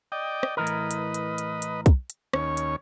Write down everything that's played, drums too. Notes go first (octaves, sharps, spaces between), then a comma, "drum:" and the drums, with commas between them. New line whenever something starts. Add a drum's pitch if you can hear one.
D5 D#5 G5
drum: rim click
A2 E3 A#4 B4 D#5
drum: hi-hat
drum: hi-hat
drum: hi-hat
drum: hi-hat
drum: hi-hat
drum: kick, hi-hat
drum: hi-hat
D#2 C#4 C#5, drum: rim click
drum: hi-hat